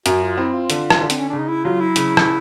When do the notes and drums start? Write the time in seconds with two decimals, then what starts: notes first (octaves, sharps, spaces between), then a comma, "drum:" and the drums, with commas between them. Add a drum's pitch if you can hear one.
0.06 F#2 F#4, drum: hi-hat
0.22 F4
0.37 C4 E4
0.53 F4
0.70 D3, drum: hi-hat
0.90 drum: rim click
1.01 D3
1.10 C4, drum: hi-hat
1.20 C#4
1.29 C#3 D4
1.39 D#4
1.49 E4
1.64 F#3 F4
1.80 E4
1.96 C#3, drum: hi-hat
2.17 drum: rim click